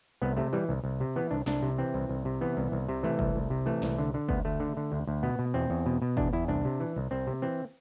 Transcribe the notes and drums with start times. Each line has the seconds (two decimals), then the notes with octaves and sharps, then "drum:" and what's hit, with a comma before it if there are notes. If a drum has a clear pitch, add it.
0.22 C2 B3
0.37 C3 A3
0.53 E3 G3
0.69 C2
0.84 C2
1.00 C3
1.16 E3 B3
1.31 C2 D4
1.46 C2 D4, drum: snare
1.62 C3
1.78 E3 C4
1.94 C2
2.09 C2
2.25 C3
2.41 E3 B3
2.57 C2
2.72 C2
2.89 C3
3.03 E3 A3
3.19 C2, drum: kick F#1
3.36 C2
3.50 C3
3.66 E3 A3
3.82 C2, drum: snare
3.98 D3
4.14 D3
4.29 D2 B3, drum: kick F#1
4.45 D2 A3
4.60 D3
4.77 D3
4.92 D2
5.07 D2
5.23 B2 B3
5.39 B2
5.54 E2 C4
5.70 E2
5.86 B2
6.02 B2
6.17 E2 D4, drum: kick F#1
6.33 E2 E4
6.48 C2 D4
6.65 C3
6.80 E3
6.96 C2
7.11 C2 C4
7.27 C3
7.42 E3 C4